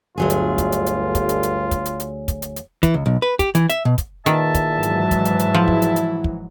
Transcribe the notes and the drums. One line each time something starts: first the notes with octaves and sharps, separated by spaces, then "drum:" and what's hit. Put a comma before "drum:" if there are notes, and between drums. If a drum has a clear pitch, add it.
G1 D2 F#3 F4 G#4
drum: hi-hat
drum: kick, hi-hat
drum: hi-hat
drum: hi-hat
drum: kick, hi-hat
drum: hi-hat
drum: hi-hat
drum: kick, hi-hat
drum: hi-hat
drum: hi-hat
drum: kick, hi-hat
drum: hi-hat
drum: hi-hat
E3, drum: kick, hi-hat
C#2
B1
B4
G4, drum: kick, hi-hat
E3, drum: hi-hat
E5, drum: hi-hat
B2
drum: kick, hi-hat
E2 A#2 D#3 E5 A5, drum: hi-hat
drum: kick, hi-hat
G#2 E3 F#3
drum: hi-hat
drum: kick, hi-hat
drum: hi-hat
drum: hi-hat
F3 E4
drum: kick
drum: hi-hat
drum: hi-hat
drum: kick